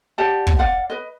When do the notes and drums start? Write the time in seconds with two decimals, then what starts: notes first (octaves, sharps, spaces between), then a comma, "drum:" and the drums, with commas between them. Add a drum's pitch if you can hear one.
0.18 G4 D5 F#5 A5
0.47 drum: kick
0.59 D5 F5 F#5
0.90 B4 D#5